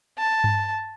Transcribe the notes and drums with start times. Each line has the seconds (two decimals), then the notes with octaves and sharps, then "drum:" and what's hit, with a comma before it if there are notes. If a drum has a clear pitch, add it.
0.19 A5
0.44 drum: tom G2